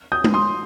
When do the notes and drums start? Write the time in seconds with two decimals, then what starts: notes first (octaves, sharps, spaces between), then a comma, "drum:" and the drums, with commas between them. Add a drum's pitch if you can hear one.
0.12 D#6 G6
0.24 drum: tom G#3
0.34 C6 D#6